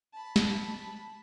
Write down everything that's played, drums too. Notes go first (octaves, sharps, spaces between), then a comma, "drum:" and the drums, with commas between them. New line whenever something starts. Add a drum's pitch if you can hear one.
A5 B5
drum: snare